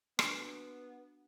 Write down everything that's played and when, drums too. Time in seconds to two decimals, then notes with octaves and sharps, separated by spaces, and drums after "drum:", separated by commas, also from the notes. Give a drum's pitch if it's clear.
0.19 B3 D4 F#4 A#5, drum: rim click